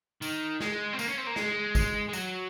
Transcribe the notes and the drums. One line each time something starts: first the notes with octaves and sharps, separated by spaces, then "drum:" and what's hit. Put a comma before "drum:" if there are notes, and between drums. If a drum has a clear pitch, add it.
D#3, drum: tambourine
G#3, drum: snare
C4
A#3, drum: tambourine
C#4
C4
A#3
G#3, drum: snare
drum: kick G#1, tambourine
G#3
F#3, drum: tambourine